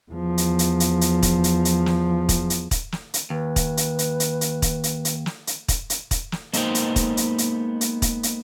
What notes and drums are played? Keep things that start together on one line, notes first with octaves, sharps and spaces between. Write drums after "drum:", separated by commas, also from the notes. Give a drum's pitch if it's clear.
E2 F3
drum: hi-hat
drum: hi-hat
drum: hi-hat
drum: hi-hat
drum: kick, hi-hat
drum: hi-hat
drum: hi-hat
drum: snare
drum: kick, hi-hat
drum: hi-hat
drum: kick, hi-hat
drum: snare
drum: hi-hat
D#2 B4
drum: kick, hi-hat
drum: hi-hat
drum: hi-hat
drum: hi-hat
drum: hi-hat
drum: kick, hi-hat
drum: hi-hat
drum: hi-hat
drum: snare
drum: hi-hat
drum: kick, hi-hat
drum: hi-hat
drum: kick, hi-hat
drum: snare
G#3 A#3 B3 D#4 C5 G5, drum: hi-hat
drum: hi-hat
drum: kick, hi-hat
drum: hi-hat
drum: hi-hat
drum: hi-hat
drum: kick, hi-hat
drum: hi-hat